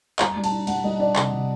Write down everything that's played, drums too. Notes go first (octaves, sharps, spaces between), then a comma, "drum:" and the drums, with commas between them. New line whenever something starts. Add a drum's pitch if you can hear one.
G3 A#5, drum: clap
G3
A5, drum: cymbal
D4
G3 F#5, drum: cymbal
G3 D#5
D4 D5
C3, drum: clap
C3